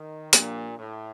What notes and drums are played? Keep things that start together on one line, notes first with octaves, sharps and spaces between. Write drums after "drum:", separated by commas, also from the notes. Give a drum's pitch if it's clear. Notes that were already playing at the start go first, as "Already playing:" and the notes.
Already playing: D#3
A#2 F3 A#3 D4 G4, drum: hi-hat
A2